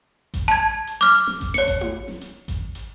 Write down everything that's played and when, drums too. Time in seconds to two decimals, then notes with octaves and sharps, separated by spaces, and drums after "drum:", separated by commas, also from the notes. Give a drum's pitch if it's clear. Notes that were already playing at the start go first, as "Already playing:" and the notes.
0.34 drum: kick G#1, hi-hat
0.48 A5 G#6
0.87 drum: hi-hat
1.01 D6 F6
1.14 drum: hi-hat
1.27 drum: snare
1.41 drum: kick G#1, hi-hat
1.54 C#5 C#7, drum: snare
1.68 drum: kick G#1, hi-hat
1.81 drum: tom E4
2.08 drum: snare
2.21 drum: hi-hat
2.48 drum: kick G#1, hi-hat
2.75 drum: hi-hat